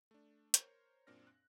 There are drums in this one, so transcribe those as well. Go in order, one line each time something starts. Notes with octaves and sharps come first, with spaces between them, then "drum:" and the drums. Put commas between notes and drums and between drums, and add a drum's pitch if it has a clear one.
A3 D4
A#4 C5 C#5, drum: hi-hat
F#2 A#2 C4 D4 F6 A#6
F#6